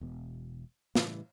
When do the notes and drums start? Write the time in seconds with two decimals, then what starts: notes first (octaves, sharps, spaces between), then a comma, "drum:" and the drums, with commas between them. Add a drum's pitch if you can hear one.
0.01 E1 B2
0.95 A2 C#3 E3 G3, drum: snare